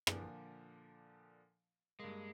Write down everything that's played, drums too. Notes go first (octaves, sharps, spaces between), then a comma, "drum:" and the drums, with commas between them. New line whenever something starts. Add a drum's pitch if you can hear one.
A#2 D3 F3, drum: rim click
G2 G#3 A#3